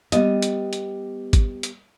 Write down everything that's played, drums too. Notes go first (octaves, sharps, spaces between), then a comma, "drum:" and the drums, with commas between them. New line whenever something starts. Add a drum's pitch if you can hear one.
G3 B3 D#5, drum: hi-hat
drum: hi-hat
drum: hi-hat
drum: kick, hi-hat
drum: hi-hat